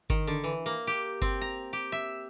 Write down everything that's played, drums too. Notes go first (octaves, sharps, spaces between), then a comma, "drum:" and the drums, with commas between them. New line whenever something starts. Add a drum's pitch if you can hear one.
D#3, drum: kick G1
D3
E3
A#3
G4
C4, drum: kick G1
A#5
G4
E5